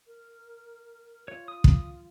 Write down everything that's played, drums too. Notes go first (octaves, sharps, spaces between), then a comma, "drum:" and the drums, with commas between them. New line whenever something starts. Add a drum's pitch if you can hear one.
A#4
F4 C#5
D#6
drum: kick